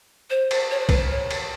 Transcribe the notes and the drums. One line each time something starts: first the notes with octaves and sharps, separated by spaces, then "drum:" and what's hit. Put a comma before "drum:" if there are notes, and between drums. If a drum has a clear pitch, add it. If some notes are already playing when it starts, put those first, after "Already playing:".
C5
drum: cymbal
C#5
C5
B4, drum: kick, cymbal
C5
C#5
drum: cymbal